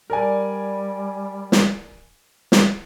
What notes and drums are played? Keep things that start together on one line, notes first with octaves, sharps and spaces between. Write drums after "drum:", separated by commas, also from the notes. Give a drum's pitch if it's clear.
G3 A#4 D5 G#5
drum: snare
drum: snare